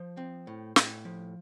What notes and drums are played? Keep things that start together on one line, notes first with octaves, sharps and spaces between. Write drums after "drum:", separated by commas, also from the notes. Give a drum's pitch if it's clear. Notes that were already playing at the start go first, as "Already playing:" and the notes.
Already playing: F3 C5
C4
A2
A2, drum: snare
F3